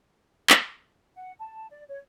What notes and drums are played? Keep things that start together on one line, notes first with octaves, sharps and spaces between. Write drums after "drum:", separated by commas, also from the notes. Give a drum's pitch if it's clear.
drum: clap
F#5
A5
D5
C#5